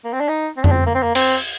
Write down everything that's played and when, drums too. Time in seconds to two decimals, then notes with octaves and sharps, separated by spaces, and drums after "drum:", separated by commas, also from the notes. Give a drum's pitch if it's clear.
0.05 A#3
0.13 C4
0.20 D4
0.28 D#4
0.57 C4
0.64 D4, drum: tom F2
0.71 C4
0.86 A#3
0.95 C4
1.03 A#3
1.15 C4, drum: cymbal